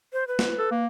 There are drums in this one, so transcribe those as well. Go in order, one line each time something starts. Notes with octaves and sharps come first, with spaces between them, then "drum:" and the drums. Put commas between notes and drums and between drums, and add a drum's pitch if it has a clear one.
C5
B4
drum: snare
A4
A#3